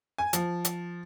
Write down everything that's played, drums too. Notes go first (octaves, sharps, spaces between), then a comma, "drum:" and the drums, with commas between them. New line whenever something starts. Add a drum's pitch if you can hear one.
G#5
F3, drum: hi-hat
drum: hi-hat